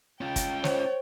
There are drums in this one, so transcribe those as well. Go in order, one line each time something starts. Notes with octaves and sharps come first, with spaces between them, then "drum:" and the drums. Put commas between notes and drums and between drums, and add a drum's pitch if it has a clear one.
C#4 F4 G5
drum: kick, hi-hat
C5 C#5, drum: snare